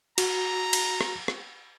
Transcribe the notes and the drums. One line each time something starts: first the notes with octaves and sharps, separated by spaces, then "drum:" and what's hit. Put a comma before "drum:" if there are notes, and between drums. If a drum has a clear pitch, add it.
F#4 A#5, drum: cymbal
drum: cymbal
drum: rim click
drum: rim click